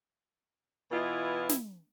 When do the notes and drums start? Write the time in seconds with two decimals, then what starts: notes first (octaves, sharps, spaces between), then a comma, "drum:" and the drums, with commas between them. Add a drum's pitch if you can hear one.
0.91 B2 E3 B3 E4 F4 D#5
1.49 drum: snare